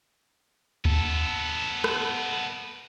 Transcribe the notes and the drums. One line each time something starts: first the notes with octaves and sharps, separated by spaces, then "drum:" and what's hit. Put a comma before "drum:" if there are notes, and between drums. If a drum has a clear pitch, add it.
B3 A4, drum: kick D2
drum: rim click